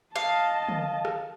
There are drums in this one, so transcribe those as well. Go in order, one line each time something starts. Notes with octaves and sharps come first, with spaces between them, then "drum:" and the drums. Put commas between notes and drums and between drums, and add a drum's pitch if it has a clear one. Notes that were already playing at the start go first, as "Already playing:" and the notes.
D#5 F5 A5
drum: tom
drum: rim click